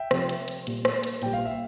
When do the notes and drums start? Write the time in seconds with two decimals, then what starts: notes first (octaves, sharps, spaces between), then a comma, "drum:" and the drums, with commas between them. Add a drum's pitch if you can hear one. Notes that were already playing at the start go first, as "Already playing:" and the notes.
Already playing: E5 G5
0.11 C3 F3, drum: rim click
0.29 drum: hi-hat
0.48 drum: hi-hat
0.67 A#2 G3, drum: hi-hat
0.85 drum: rim click
1.03 drum: hi-hat
1.22 A#2 G3 G5, drum: hi-hat
1.33 F5
1.45 E5